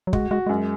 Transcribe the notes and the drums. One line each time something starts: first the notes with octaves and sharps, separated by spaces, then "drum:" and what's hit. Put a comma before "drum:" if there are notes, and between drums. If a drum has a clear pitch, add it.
F#3
G#3 F#4, drum: kick
G#3 F#4
F#2 G#3